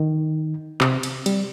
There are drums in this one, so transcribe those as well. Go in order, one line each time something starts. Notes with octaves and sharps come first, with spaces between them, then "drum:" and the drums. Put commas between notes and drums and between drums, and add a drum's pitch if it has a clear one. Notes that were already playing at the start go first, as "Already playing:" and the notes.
Already playing: D#3
C3, drum: clap
drum: cymbal
G3, drum: cymbal